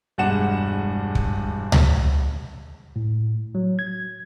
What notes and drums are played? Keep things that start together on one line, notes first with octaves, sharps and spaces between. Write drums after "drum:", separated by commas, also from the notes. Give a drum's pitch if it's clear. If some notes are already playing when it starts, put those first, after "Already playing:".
E1 G2 G#3 F#5 E7
drum: kick
drum: tom C#2
A2
F#3
G#6